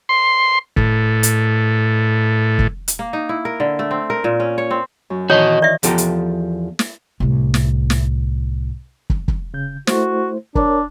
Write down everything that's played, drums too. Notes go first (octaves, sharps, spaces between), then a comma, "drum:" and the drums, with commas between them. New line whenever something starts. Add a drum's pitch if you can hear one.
C6
A2, drum: kick
drum: hi-hat
drum: kick
drum: hi-hat
A#3
D#4
E4
A#4
D3
A3
C4
A#4
A#2
C#4
C#5
C4
F#2
D#3 E3 F#4 C#5 D#5 D#6
D5 E5
E2 F3 G4 A4 C5 A#5, drum: hi-hat
drum: hi-hat
drum: snare
C2 A2
drum: snare
drum: snare
drum: kick
drum: kick
C#3 G6
A3 E4 F#4 C5, drum: snare
D4 A#4 C#5, drum: kick